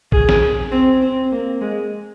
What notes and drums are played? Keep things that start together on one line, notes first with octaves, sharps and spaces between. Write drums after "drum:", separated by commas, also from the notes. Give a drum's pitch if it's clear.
G#4, drum: kick A1
drum: snare
C4
C4
A#3
G#3